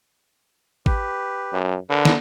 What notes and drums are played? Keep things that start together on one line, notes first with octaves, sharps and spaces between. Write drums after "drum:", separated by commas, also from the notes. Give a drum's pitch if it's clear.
G4 B4, drum: kick
F#2
D3 A#4 B4
drum: snare